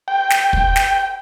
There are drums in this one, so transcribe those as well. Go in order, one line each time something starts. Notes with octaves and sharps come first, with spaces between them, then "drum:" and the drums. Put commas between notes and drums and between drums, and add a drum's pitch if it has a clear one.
G5
drum: snare
drum: kick
drum: snare